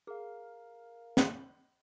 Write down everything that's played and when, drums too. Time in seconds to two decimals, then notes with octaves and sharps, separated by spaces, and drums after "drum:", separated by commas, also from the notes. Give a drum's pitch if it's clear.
0.07 G#4 A#4 F5
1.17 drum: snare